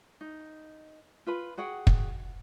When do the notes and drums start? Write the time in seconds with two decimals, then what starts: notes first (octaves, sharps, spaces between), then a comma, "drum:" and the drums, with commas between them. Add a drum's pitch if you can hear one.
0.21 D#4
1.27 F4 B4 B5
1.57 F#4 G#4 F#5 G5
1.87 drum: kick